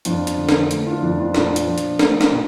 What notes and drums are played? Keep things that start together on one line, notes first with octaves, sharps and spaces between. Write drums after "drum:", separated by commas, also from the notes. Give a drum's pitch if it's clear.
F2 D4 F4, drum: hi-hat
drum: hi-hat
D3
drum: snare
A3, drum: hi-hat
D4 F4
F2 D4 F4
D4 F4
A#2 D4 F4, drum: snare
drum: hi-hat
F3
drum: hi-hat
A3, drum: snare
drum: snare
A#2